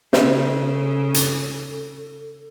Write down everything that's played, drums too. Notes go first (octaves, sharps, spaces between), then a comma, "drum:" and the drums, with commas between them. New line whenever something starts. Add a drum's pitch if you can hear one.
C#3 A4, drum: snare
drum: hi-hat